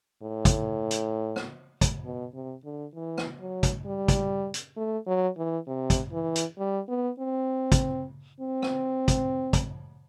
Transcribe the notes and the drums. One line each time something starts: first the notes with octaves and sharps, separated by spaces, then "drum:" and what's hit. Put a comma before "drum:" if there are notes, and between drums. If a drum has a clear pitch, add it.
A2
drum: kick, hi-hat
drum: hi-hat
drum: rim click
drum: kick, hi-hat
B2
C3
D3
E3
drum: rim click
F#3
drum: kick, hi-hat
G3
drum: kick, hi-hat
drum: hi-hat
A3
F#3
E3
C3
drum: kick, hi-hat
E3
drum: hi-hat
G3
B3
C4
drum: kick, hi-hat
C4
drum: rim click
drum: kick, hi-hat
drum: kick, hi-hat